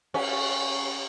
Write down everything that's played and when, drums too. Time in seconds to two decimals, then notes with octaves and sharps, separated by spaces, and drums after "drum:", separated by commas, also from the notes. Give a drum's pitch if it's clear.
0.14 C#4, drum: cymbal